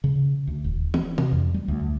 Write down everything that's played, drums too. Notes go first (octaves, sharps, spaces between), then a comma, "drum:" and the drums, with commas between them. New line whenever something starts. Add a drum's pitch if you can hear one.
C#3
D2
D#1
C4, drum: tom
C3, drum: tom
F2
G3
D2